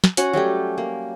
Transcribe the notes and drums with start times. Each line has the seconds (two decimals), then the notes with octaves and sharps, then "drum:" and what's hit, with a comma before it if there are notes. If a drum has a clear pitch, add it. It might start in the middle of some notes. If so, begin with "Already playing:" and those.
0.04 drum: snare
0.17 C#4 F#4 F#5 G#5, drum: hi-hat
0.33 F#3 G3 A3 G4
0.78 A#3